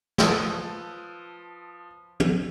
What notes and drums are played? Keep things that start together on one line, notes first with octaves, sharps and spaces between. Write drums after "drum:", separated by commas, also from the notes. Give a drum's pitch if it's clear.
F3 B4 A5 D#6 E6 G7, drum: snare
drum: tom